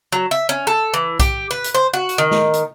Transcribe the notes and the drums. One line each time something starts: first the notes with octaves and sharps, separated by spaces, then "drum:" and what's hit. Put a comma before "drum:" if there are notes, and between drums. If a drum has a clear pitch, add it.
F#3
E5
C#4
A4
E3
G4, drum: kick B1, hi-hat
B4
drum: hi-hat
C5
F#4
drum: hi-hat
D#3
drum: snare
drum: hi-hat